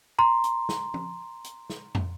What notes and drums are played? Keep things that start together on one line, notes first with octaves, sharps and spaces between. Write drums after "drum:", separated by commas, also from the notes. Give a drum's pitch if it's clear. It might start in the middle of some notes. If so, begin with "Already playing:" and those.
A#5 C6
drum: hi-hat
drum: snare
drum: tom F3
drum: hi-hat
drum: snare
drum: tom